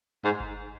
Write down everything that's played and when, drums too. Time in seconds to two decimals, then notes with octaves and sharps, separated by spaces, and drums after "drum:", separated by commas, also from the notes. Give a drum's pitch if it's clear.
0.25 G#2
0.40 drum: kick G1